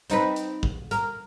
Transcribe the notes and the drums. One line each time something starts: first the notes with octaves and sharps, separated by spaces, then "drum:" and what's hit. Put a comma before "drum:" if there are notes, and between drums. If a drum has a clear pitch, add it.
C4 D#4 B4, drum: hi-hat
drum: hi-hat
drum: kick
A#4, drum: hi-hat